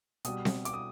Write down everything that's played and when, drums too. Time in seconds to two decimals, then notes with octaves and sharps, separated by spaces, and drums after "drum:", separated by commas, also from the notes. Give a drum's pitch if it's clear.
0.25 B2 G3 D#6, drum: hi-hat
0.45 drum: snare C4
0.65 D6, drum: hi-hat
0.73 D#6